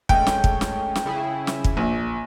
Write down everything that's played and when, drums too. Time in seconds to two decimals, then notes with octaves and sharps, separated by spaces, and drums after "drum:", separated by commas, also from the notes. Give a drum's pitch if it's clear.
0.09 G#3 A3 C#4 G5, drum: kick
0.27 drum: snare
0.44 drum: kick
0.61 drum: snare
0.95 drum: snare
1.05 C#3 E4 G#4
1.47 drum: snare
1.64 drum: kick
1.77 A#1